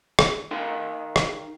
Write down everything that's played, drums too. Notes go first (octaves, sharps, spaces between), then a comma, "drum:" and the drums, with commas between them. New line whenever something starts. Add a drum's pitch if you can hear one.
drum: rim click
D#4 A#4 F5 G5 C6
drum: rim click